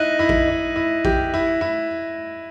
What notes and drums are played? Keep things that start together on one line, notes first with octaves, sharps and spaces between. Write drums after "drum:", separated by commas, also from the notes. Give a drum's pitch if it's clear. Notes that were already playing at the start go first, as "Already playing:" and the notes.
Already playing: D#4 E4 F#6 A#6 D#7 F#7
E4
drum: kick A1
D#4
E4
G4, drum: kick A1
E4
E4